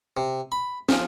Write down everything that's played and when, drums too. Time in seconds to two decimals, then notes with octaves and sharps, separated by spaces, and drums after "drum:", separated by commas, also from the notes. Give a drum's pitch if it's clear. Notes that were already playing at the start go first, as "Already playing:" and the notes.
0.17 C3
0.52 B5
0.89 F3, drum: snare